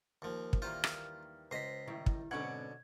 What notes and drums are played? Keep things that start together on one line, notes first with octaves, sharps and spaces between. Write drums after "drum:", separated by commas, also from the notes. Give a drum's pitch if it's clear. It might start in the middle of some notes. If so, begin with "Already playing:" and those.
D#2 F3
drum: kick
D#2 D#3 E3 G3 A#3 F4 C5 F6
drum: rim click
C#2 C5 D#5 B6 C7
A2 D#3 G3 E4
drum: kick
G#2 B2 D3 C4 C#4 F#5 G#6